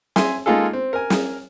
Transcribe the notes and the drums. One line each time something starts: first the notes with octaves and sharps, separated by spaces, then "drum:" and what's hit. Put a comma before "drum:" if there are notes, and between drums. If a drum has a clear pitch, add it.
E5 G#5 C6, drum: snare
G#3 A#3 D#4 F4 G#4 A4
C4
A#4 G#5
drum: snare